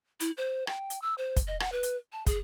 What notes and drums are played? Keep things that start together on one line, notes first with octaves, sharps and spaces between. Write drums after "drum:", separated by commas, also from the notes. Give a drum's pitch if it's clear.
E4, drum: hi-hat
C5
G5, drum: rim click
drum: hi-hat
E6
C5
drum: kick, hi-hat
D#5
F#5, drum: rim click
B4
drum: hi-hat
A5
G#4, drum: kick, hi-hat